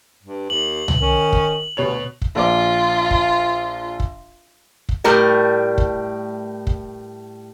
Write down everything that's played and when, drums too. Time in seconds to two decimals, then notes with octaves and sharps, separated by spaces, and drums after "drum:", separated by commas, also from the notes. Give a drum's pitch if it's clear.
0.23 G2
0.50 D#2 F#7
0.88 drum: tom
1.00 D#3 C#4
1.33 drum: kick
1.77 D2 B2 C#5 F7
2.22 drum: kick
2.36 A#1 F4 D5 D6
3.11 drum: kick
4.00 drum: kick
4.89 drum: kick
5.04 A2 G3 A3 A#4 D5
5.78 drum: kick
6.67 drum: kick